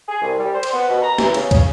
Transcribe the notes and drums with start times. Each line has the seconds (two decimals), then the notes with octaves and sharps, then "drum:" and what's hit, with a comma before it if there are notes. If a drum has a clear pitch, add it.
0.08 G#4
0.22 C2
0.39 G3
0.54 C5
0.63 drum: cymbal
0.73 B3
0.89 B2
1.02 A#5
1.18 E3, drum: snare
1.34 C#3, drum: cymbal
1.51 C#3, drum: kick, cymbal